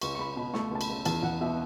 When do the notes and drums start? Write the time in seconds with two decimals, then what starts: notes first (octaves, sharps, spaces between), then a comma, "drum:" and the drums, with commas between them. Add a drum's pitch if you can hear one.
0.02 C#2 C#6, drum: cymbal
0.15 C#6
0.19 C#2 B5
0.36 B2 B5
0.54 A3 C#6, drum: snare
0.71 C#2 A5
0.81 B5, drum: cymbal
0.89 C#2
1.05 E2 A5, drum: cymbal
1.23 E2 F#5
1.41 B2 E5